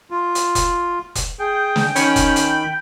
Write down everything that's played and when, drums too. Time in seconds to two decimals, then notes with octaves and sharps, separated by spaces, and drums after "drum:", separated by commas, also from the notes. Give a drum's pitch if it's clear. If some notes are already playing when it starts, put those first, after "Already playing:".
0.10 F4
0.35 drum: hi-hat
0.55 drum: kick E1, hi-hat
1.15 drum: kick E1, hi-hat
1.39 G#4 G5
1.76 drum: snare
1.96 D#3 C#4 B5, drum: hi-hat
2.16 drum: kick E1, hi-hat
2.36 drum: hi-hat